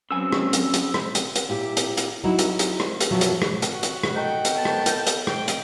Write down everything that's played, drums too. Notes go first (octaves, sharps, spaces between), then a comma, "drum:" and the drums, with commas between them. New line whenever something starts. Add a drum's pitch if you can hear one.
C#3 F#3 B3 C4 G#5 E6
drum: rim click
drum: hi-hat
drum: hi-hat
drum: rim click
drum: hi-hat
drum: hi-hat
A#2 E4 G4
drum: hi-hat
drum: hi-hat
F#3 D#4 E4
drum: hi-hat
drum: hi-hat
drum: rim click
drum: hi-hat
F#2 B2 F3 F#3 E5
drum: hi-hat
drum: rim click
drum: hi-hat
F#4
drum: hi-hat
drum: rim click
D#4 A4 F#5 G5
drum: hi-hat
B3 A5
drum: rim click
drum: hi-hat
drum: hi-hat
G5, drum: rim click
drum: hi-hat